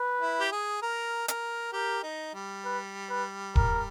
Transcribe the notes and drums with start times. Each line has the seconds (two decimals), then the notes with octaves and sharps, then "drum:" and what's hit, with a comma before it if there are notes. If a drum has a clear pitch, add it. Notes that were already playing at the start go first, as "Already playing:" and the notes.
Already playing: B4
0.21 E4
0.40 G4
0.52 G#4
0.82 A#4
1.28 A#4, drum: hi-hat
1.73 G4 A#4
2.03 D#4
2.34 G3
2.65 B4
3.10 B4
3.56 A#4, drum: kick